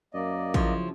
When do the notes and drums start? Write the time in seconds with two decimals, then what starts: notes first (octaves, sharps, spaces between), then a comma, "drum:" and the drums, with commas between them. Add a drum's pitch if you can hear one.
0.14 F#2 A#3 D5 D#5
0.54 C#3 F3 F#3 E4, drum: kick A1